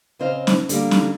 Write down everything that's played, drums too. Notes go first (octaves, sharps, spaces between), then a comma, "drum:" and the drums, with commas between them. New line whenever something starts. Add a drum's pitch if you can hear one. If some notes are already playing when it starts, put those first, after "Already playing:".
C#3 C4 C5 D#5 F5
drum: snare
D3 G3 A#3, drum: hi-hat
drum: snare